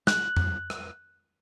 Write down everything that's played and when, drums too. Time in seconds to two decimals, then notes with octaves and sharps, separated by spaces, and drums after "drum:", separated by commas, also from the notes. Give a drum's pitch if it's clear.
0.07 F#6, drum: snare
0.37 drum: tom F2
0.70 drum: rim click